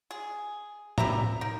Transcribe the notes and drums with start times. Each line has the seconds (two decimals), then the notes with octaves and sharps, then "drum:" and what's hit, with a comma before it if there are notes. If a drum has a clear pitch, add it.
0.11 G#4
0.98 G4 B4 E5 A#5, drum: tom
1.41 D#4 A#4